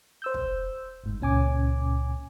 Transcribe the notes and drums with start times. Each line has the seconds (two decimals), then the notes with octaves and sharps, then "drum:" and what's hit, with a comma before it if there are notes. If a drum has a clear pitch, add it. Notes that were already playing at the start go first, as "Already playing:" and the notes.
0.22 C5 E6 G6
0.34 drum: kick
1.04 G1 G#2
1.20 C#2 A#2 C#4 G#5 D6